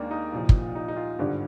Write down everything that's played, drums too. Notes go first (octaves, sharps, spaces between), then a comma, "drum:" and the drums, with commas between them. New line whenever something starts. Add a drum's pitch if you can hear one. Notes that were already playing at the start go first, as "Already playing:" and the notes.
Already playing: D#2 D#3 G#3 A#3 D4
D#4
C2 A#2 F3
drum: kick
D#4
D#4
F4
G#1 G2 D3 G3